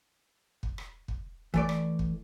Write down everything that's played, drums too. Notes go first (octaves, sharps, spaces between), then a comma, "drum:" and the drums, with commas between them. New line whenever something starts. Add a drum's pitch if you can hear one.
drum: kick
drum: rim click
drum: kick
E3 A3 D5, drum: kick
drum: rim click
drum: kick